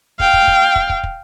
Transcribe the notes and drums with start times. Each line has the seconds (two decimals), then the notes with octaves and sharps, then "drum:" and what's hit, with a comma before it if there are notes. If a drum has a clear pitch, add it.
0.20 F5 G5, drum: kick
0.34 drum: kick
0.48 drum: kick
0.75 drum: kick
0.89 drum: kick
1.03 drum: kick